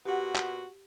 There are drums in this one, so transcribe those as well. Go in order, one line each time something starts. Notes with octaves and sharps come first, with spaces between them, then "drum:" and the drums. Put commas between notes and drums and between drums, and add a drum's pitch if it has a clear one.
A#2 B3 F#4 G4 F#5
drum: clap